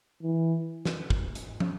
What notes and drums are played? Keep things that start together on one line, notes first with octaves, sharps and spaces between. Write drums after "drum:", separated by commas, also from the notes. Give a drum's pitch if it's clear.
E3
drum: snare
drum: kick
drum: hi-hat
drum: tom